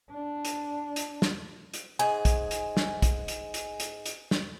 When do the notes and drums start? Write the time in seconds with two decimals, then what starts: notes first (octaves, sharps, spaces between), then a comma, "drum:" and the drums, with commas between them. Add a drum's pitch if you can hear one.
0.11 D4
0.45 drum: hi-hat
0.96 drum: hi-hat
1.22 drum: snare
1.74 drum: hi-hat
1.99 G#2 G#4 G#5
2.25 drum: kick, hi-hat
2.51 drum: hi-hat
2.77 drum: snare
3.02 drum: kick, hi-hat
3.28 drum: hi-hat
3.54 drum: hi-hat
3.80 drum: hi-hat
4.06 drum: hi-hat
4.31 drum: snare